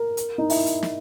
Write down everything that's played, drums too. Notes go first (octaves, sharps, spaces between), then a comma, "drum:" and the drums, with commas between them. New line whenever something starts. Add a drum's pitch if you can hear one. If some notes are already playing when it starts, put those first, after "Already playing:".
Already playing: A#4
drum: hi-hat
D#4
E4, drum: open hi-hat
drum: hi-hat
drum: snare